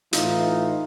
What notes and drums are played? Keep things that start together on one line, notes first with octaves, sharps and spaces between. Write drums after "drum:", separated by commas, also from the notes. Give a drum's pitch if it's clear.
A2 E3 D#4 F4, drum: hi-hat